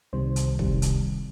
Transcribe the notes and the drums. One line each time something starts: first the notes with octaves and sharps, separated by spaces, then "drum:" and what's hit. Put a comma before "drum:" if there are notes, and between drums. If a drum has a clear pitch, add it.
C2 C3 D#3 G3 C5
drum: hi-hat
C2 C3 D#3 G3, drum: kick
drum: hi-hat